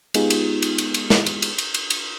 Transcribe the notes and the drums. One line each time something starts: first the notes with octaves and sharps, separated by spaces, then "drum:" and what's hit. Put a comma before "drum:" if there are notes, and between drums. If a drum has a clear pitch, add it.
G#3 B3 D#4 F4 G4 G#4, drum: cymbal
drum: cymbal
drum: cymbal
drum: cymbal
drum: cymbal
drum: snare
drum: cymbal
drum: cymbal
drum: cymbal
drum: cymbal
drum: cymbal